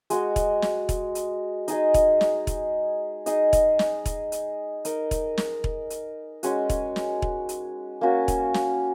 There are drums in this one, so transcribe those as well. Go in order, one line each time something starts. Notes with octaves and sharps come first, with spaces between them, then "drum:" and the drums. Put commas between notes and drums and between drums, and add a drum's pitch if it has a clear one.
G#3 F#4 D#5, drum: hi-hat
drum: kick E1, hi-hat
drum: snare
drum: kick E1, hi-hat
drum: hi-hat
D#4 G#4 D#5, drum: hi-hat
drum: kick E1, hi-hat
drum: snare
drum: kick E1, hi-hat
D#4 G#4 D#5, drum: hi-hat
drum: kick E1, hi-hat
drum: snare
drum: kick E1, hi-hat
drum: hi-hat
D#4 A#4 D#5, drum: hi-hat
drum: kick E1, hi-hat
drum: snare
drum: kick E1
drum: hi-hat
G#3 C#4 F#4, drum: hi-hat
drum: kick E1, hi-hat
drum: snare
drum: kick E1
drum: hi-hat
A#3 C#4 F#4
drum: kick E1, hi-hat
drum: snare